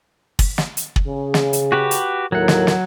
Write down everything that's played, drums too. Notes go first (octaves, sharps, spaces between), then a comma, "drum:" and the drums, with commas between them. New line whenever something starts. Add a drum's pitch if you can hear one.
drum: kick, open hi-hat
drum: snare
drum: hi-hat
drum: kick
C#3 G#4
drum: snare
drum: hi-hat
F#4 G4 B4
drum: hi-hat
D#2 A2 F#3 A#4 F#5
drum: snare
drum: snare